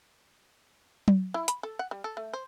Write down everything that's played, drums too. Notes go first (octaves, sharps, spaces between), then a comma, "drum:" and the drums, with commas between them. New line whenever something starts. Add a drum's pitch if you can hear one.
drum: tom F#3
E4
B5, drum: hi-hat
A4
F#5
G3
A4
A3
C5